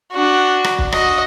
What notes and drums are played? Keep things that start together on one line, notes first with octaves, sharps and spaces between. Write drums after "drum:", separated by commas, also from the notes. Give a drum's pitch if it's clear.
D4 F#4
drum: rim click
drum: kick
F#4 D#5, drum: rim click